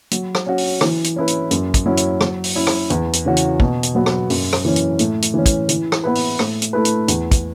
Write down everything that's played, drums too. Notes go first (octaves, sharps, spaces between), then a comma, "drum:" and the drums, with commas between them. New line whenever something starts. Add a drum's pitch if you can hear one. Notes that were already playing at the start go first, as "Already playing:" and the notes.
F#3, drum: hi-hat
drum: rim click
C#4 F#4
drum: open hi-hat
E3, drum: rim click
drum: hi-hat
C#4 E4 B4
drum: hi-hat
F#2, drum: hi-hat
drum: kick, hi-hat
F#3 C#4 E4
drum: hi-hat
F#3, drum: rim click
drum: open hi-hat
C#4 E4 C#5
drum: rim click
E2, drum: hi-hat
drum: hi-hat
C#3 E3 C#4 F#4
drum: hi-hat
B2, drum: kick
drum: hi-hat
F#3 B3 F#4
drum: rim click
F#2, drum: open hi-hat
drum: rim click
E3 C#4
drum: hi-hat
A2, drum: hi-hat
drum: hi-hat
E3 C#4
drum: kick, hi-hat
E3, drum: hi-hat
drum: rim click
B3 E4 B4
drum: open hi-hat
A2, drum: rim click
drum: hi-hat
A3 E4 B4
drum: hi-hat
E2, drum: hi-hat
drum: kick, hi-hat